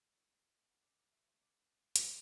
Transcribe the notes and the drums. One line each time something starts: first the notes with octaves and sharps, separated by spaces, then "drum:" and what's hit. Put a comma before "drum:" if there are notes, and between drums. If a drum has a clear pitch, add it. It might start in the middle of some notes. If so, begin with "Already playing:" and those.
Already playing: A3
A2
G#3
A2
A2
E5
C#3 F#5
A3 D5 D6
A3 D5 D6
A2 E5 E6
G#3 E5 E6
C#3 D5 D6
drum: hi-hat